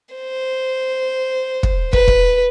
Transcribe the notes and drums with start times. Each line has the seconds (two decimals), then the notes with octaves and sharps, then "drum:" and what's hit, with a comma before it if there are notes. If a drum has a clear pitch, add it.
0.15 C5
1.63 drum: kick
1.93 B4, drum: kick
2.08 drum: kick